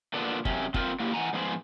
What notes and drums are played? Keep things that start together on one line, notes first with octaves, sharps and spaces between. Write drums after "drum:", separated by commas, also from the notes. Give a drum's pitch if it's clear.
A#2 D3 B3 D4
F#2 C3 C#4, drum: kick F#1
C4 F4 G4 A4 A#4 C5, drum: kick F#1
F#3 A#3 E4 G4
E3 F#5 G#5 A#5
G#2 F3 B3 D#4 G#4 C5